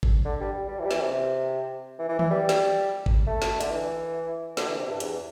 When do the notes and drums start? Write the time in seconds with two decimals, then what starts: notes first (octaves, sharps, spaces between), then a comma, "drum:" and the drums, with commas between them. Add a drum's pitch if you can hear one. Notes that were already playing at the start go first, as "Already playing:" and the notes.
0.03 drum: kick G#1
0.25 D3
0.40 G3
0.68 G3
0.79 E3
0.86 G3
0.91 E3, drum: snare
1.01 C3
1.99 E3
2.09 E3
2.19 E3, drum: tom D#3
2.31 G3
2.49 drum: snare
3.06 drum: kick G#1
3.27 A3
3.42 drum: snare
3.61 D3, drum: hi-hat
3.71 E3
4.57 D3, drum: snare
4.68 E3
4.78 C3
4.89 G2
5.00 E2, drum: hi-hat